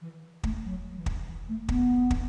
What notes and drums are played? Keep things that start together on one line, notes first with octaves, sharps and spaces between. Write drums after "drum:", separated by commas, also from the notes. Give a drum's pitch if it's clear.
E3
A3, drum: kick
F#3
E3
drum: kick
E3
A3
B3, drum: kick
drum: kick